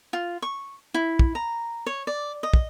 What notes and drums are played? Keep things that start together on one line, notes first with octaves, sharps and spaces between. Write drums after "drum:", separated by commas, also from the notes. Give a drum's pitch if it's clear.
F4
C#6
E4
drum: kick
A#5
C#5
D5
D#5
drum: kick